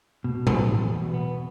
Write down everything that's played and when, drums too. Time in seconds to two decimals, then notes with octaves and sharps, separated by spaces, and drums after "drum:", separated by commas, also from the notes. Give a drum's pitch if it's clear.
0.24 B2
0.47 B3, drum: tom A2
0.69 E2
0.91 B2
1.14 B3